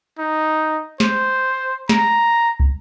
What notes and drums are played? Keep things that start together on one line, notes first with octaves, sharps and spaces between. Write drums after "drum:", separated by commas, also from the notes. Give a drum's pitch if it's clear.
D#4
C5, drum: snare
A#5, drum: snare
drum: kick